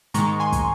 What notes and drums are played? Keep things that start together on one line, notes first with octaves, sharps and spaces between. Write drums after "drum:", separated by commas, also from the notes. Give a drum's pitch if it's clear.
G#2 D#3 G#3 A#5 C#6, drum: hi-hat
G#5 C6
drum: kick, hi-hat